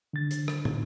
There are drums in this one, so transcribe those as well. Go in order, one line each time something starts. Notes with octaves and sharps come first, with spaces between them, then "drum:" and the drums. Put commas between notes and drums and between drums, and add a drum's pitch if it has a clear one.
D3 A6
drum: hi-hat
drum: rim click
drum: tom